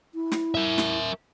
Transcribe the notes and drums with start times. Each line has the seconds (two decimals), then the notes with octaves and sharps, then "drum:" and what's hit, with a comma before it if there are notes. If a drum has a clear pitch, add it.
0.14 E4
0.32 drum: snare
0.55 A#4 E5
0.78 drum: snare